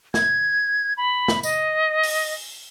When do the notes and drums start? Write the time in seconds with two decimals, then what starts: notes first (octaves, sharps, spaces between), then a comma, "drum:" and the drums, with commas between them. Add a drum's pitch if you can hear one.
0.14 G#6, drum: snare
0.97 B5
1.28 drum: snare
1.43 D#5, drum: tambourine
2.03 drum: open hi-hat